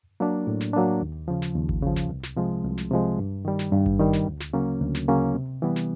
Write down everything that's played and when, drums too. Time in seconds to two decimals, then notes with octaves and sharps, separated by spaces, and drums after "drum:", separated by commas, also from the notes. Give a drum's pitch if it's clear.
0.20 F#3 A#3 D4
0.47 A2
0.61 drum: snare
0.73 F#3 A#3 D4
1.01 D#2
1.28 C#3 F3
1.42 drum: snare
1.55 D#2
1.69 drum: kick G#1
1.83 C#3 F3
1.96 drum: snare
2.09 C2
2.23 drum: snare
2.36 C3 F3 G#3
2.65 C2
2.78 drum: snare
2.91 C3 F3 G#3
3.19 G2
3.45 D#3 G3
3.59 drum: snare
3.72 G2
3.86 drum: kick G#1
3.99 D#3 G3
4.13 drum: snare
4.27 D2
4.40 drum: snare
4.53 C#3 F#3 A#3 C#4
4.82 D2
4.95 drum: snare
5.08 C#3 F#3 A#3 C#4
5.35 C3
5.62 E3 G3 B3
5.76 drum: snare